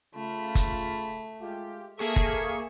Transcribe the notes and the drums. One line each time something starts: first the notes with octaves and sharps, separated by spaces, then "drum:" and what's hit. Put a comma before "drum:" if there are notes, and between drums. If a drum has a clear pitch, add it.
C#3 A3 F4 B5
drum: kick F#1, hi-hat
G#3 F4 G4
A#3 G#4 A4 E5 C#6
drum: kick F#1